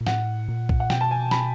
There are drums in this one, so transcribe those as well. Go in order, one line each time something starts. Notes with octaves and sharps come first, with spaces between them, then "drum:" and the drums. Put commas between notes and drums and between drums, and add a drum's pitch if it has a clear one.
A#2
A2 F#5, drum: snare
A#2
drum: kick B1
F#5
B2 G5, drum: snare
A5
G#5
B5, drum: snare